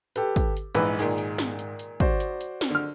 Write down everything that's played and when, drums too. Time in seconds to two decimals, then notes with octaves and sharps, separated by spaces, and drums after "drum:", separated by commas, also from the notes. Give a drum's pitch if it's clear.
0.16 G4 A4 B4, drum: hi-hat
0.36 drum: kick, hi-hat
0.57 drum: hi-hat
0.75 A#1 G#2 E3 B4, drum: hi-hat
0.99 A#2 D#3 G#3, drum: hi-hat
1.18 drum: hi-hat
1.38 drum: snare
1.59 drum: hi-hat
1.79 drum: hi-hat
2.00 F#4 C5 D5, drum: kick
2.20 drum: hi-hat
2.41 drum: hi-hat
2.61 drum: snare
2.70 D3 F6